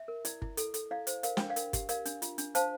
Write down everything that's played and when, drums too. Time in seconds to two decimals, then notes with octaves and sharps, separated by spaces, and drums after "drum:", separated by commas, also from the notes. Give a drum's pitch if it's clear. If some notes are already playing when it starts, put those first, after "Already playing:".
Already playing: E5
0.08 A#4
0.25 E4 D5, drum: hi-hat
0.42 E4, drum: kick G1
0.57 A4, drum: hi-hat
0.74 A4, drum: hi-hat
0.91 E4 D5 F5
1.07 C5, drum: hi-hat
1.23 A#4 F5, drum: hi-hat
1.37 D4 G5, drum: snare
1.50 D5 F5
1.56 A#4, drum: hi-hat
1.73 G4, drum: kick G1, hi-hat
1.89 A#4 D5 F5, drum: hi-hat
2.05 D4, drum: hi-hat
2.22 F4, drum: hi-hat
2.38 D4, drum: hi-hat
2.55 C5 F5 A5, drum: hi-hat